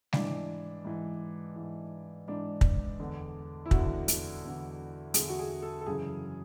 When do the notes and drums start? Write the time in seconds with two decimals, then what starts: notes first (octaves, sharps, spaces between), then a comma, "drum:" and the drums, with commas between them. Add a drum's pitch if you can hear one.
0.13 G#2 E3 D4, drum: snare G3
0.85 G#2 E3
1.56 G#2 E3
2.28 G#2 E3 D4
2.61 drum: kick
3.00 E2 D3
3.66 E4
3.71 E2 D3 F#4, drum: kick
4.08 drum: hi-hat
4.43 E2 D3
5.14 E2 D3 G#4, drum: hi-hat
5.29 F#4
5.39 G#4
5.62 A4
5.81 A4
5.86 F#2 C#3 E3 G#4